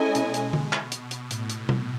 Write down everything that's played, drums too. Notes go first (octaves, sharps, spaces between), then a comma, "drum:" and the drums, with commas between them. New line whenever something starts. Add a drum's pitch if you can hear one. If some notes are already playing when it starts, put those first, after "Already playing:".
Already playing: G#3 C#4 E4 A4 D#5 G#5
B2, drum: hi-hat
drum: hi-hat
drum: tom D3
drum: clap
drum: hi-hat
drum: hi-hat
A2, drum: hi-hat
drum: hi-hat
drum: tom B2